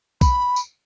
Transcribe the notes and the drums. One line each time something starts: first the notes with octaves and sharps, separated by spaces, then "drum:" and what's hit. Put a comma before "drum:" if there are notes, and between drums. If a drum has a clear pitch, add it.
B5, drum: kick B1, tambourine
drum: tambourine